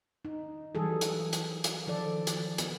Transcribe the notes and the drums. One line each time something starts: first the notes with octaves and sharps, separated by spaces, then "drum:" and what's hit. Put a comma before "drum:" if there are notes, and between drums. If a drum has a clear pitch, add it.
D#4
E3 F#3 G3 G#4 A4
drum: hi-hat
drum: hi-hat
drum: hi-hat
D#3 F3 A4 D5
drum: hi-hat
B3, drum: hi-hat